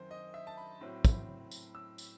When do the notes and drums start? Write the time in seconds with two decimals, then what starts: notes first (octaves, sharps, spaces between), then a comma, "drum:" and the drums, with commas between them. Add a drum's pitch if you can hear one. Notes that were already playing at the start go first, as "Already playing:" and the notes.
Already playing: F#2 D#3 C4 C5
0.11 D#5
0.34 E5
0.47 A5
0.57 B5
0.81 A2 F#3 C4
1.05 drum: kick, tambourine
1.51 drum: tambourine
1.75 E6
1.98 drum: tambourine